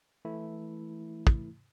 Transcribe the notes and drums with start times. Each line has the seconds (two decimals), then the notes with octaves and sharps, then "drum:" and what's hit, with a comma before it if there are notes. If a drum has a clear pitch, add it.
0.25 E3 A3 E4
1.27 drum: kick